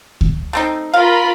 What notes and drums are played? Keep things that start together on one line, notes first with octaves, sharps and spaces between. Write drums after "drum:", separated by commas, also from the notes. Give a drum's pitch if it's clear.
drum: kick D2
A3 C4 D#4
F4 A#4 F5 B5